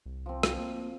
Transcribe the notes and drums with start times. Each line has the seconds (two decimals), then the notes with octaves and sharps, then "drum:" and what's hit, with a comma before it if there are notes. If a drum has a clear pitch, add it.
0.06 C2
0.26 F3 C4
0.43 drum: rim click
0.59 A#3